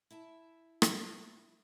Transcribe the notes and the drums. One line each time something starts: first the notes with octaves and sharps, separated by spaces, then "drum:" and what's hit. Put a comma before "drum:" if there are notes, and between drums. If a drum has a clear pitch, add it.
E4 E5 A5
drum: rim click